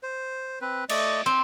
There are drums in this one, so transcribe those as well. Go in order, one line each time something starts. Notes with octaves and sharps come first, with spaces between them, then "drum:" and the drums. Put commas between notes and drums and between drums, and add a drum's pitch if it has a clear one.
C5
C4 B4
A3 D5 D#5, drum: cymbal
C4